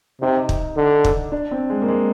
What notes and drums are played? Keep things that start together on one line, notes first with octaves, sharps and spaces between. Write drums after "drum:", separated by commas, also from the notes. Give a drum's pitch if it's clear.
C3 D#4
drum: kick
D3
drum: kick
D4
C4
G#3
A#3
G#3